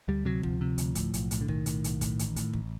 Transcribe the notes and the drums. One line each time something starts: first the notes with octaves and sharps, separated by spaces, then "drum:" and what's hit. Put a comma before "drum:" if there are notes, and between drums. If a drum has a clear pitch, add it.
D2 G3
C3 F#3
D2 F3, drum: kick
C3
D2, drum: hi-hat
A2, drum: kick, hi-hat
B1, drum: hi-hat
A2, drum: hi-hat
D3
B1 D#3, drum: kick
A2, drum: hi-hat
B1, drum: hi-hat
A2, drum: kick, hi-hat
A1, drum: hi-hat
A2, drum: hi-hat
A1, drum: kick